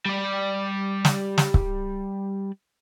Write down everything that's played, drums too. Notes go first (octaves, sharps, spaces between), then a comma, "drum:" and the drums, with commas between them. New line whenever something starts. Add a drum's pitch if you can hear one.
G3 D5
drum: snare
drum: snare
drum: kick C#1